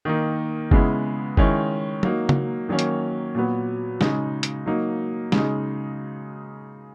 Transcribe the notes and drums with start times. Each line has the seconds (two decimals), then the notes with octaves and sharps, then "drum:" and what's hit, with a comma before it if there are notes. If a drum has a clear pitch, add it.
0.05 D#3 A#3 D#4
0.71 C#3 G#3 B3 E4, drum: kick F#1
1.37 D#3 G#3 C#4 E4, drum: kick F#1
2.03 F#3 A#3 D#4, drum: tom
2.29 drum: tom C#3
2.69 D#3 F#3 A#3 C#4
2.79 drum: hi-hat
3.34 A#2 F#3 B3
4.01 C#3 G#3 D#4, drum: snare
4.43 drum: hi-hat
4.66 F#3 A#3 D#4
5.32 C#3 G#3 D#4, drum: snare